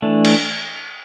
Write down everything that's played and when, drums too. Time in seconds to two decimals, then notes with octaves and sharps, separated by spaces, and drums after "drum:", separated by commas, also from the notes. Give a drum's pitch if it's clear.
0.02 E3 A3 D4
0.25 drum: cymbal